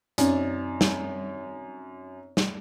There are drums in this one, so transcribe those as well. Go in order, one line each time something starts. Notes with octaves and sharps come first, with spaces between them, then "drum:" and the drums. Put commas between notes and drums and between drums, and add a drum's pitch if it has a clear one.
F#2 C4 D#4 D5, drum: hi-hat
drum: snare
drum: snare